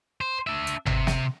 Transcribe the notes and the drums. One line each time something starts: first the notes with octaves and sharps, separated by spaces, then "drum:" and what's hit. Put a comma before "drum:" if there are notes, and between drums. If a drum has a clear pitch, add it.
C5
D4 E5
drum: hi-hat
C3, drum: tom G1
drum: snare